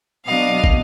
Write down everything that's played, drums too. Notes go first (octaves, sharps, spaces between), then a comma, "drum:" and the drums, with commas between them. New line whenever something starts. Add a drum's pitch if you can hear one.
B2 F#3 B3 D4 D#5 F5
drum: kick